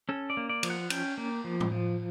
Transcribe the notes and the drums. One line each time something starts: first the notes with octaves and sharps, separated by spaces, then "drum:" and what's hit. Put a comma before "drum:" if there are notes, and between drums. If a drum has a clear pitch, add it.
C#4 A4
D5
A#3
D5
F3, drum: cymbal
F#5
C#4 G5, drum: cymbal
A#3
F3
drum: tom A2
F3